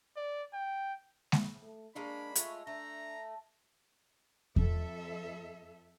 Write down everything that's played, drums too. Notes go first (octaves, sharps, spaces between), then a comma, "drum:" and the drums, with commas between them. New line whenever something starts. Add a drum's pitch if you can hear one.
D5
G5
drum: snare G#3
A3
G#3 A#3 C#4 D4 B5
G#3 A3 F4 C#5, drum: hi-hat
A3 D4 A#5
F2 A4 E5, drum: kick E2